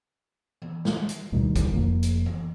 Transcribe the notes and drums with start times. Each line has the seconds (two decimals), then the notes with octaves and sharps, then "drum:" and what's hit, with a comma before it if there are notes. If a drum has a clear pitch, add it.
0.62 drum: tom E3
0.85 drum: snare G#3
1.09 drum: hi-hat
1.32 D2 B2 D#3 G3
1.56 drum: kick, hi-hat
1.73 F1 F2 A#3
2.03 drum: hi-hat
2.26 drum: tom E3